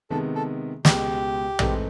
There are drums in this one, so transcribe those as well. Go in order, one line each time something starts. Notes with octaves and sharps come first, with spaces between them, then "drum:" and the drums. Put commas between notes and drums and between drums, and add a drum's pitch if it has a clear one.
C3 D#3 G#3 B3 A4
A4
C#2 B2 G#3 G4, drum: snare
G#2 E3 A3 C4, drum: tom